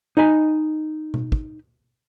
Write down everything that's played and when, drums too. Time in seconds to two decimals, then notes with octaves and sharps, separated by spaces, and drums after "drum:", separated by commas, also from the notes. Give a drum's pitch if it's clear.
0.17 D#4 D#5 G#5 B5
1.14 drum: tom B2
1.32 drum: kick